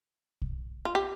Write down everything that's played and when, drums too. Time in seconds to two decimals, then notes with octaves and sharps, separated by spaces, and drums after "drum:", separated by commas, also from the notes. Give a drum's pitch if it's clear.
0.42 drum: kick
0.85 F4
0.95 G4